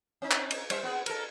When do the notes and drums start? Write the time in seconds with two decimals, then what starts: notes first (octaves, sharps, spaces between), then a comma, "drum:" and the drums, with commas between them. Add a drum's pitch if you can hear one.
0.22 C4 D#4
0.31 drum: clap
0.51 drum: cymbal
0.70 G3 C5 E5, drum: cymbal
0.83 B3 C4 G#4
1.06 A4 A#4, drum: cymbal